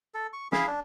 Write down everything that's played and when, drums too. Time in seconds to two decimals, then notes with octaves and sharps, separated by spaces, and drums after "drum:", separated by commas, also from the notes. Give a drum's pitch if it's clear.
0.14 A4
0.33 C#6
0.52 E4 G#4 E5 F5, drum: snare
0.67 D4